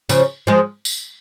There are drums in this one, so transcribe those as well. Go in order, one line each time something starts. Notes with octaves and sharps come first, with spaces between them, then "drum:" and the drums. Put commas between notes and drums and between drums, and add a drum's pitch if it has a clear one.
C#3 F3, drum: tambourine
F3 G#3
drum: tambourine